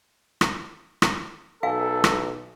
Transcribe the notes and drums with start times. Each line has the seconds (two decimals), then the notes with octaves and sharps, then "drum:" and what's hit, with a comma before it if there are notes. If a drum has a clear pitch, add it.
0.41 drum: rim click
1.02 drum: rim click
1.63 B1 A4 F5 G#5
2.04 drum: rim click